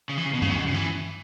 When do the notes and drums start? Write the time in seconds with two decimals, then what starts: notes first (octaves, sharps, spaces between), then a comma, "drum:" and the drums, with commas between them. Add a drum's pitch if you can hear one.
0.09 C#3
0.18 E3
0.26 C#3
0.33 B2
0.42 C#3, drum: tom G2
0.50 F#3
0.58 B2
0.67 C#3
0.74 E3